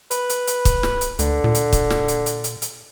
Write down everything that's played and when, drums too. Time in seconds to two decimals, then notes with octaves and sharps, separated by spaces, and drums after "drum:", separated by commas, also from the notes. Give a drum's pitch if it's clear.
0.11 B4, drum: hi-hat
0.30 drum: hi-hat
0.47 drum: hi-hat
0.65 drum: kick, hi-hat
0.83 drum: snare
1.01 drum: hi-hat
1.19 D2 D3, drum: hi-hat
1.44 A#2
1.55 drum: hi-hat
1.73 drum: kick, hi-hat
1.90 drum: snare
2.08 drum: hi-hat
2.26 drum: hi-hat
2.44 drum: hi-hat
2.62 drum: hi-hat